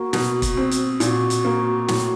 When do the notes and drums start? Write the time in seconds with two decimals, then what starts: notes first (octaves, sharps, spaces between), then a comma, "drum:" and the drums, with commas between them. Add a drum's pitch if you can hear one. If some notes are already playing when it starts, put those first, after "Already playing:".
Already playing: A#3 F#4
0.13 B2, drum: snare
0.42 drum: kick, hi-hat
0.57 C4
0.71 drum: hi-hat
1.00 A#2 F#4, drum: hi-hat
1.30 drum: hi-hat
1.45 A#3
1.88 A2, drum: snare